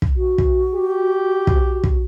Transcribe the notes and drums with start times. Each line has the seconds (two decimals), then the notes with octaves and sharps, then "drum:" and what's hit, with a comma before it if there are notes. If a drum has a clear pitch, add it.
0.02 drum: kick
0.16 F#4
0.38 drum: kick
0.75 G4
1.47 drum: kick
1.84 drum: kick